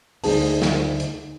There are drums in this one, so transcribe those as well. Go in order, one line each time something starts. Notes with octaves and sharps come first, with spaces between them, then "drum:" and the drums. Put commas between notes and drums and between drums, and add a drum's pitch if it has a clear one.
D2 A3 D#4 G#4 C5 A5, drum: open hi-hat
drum: snare
drum: hi-hat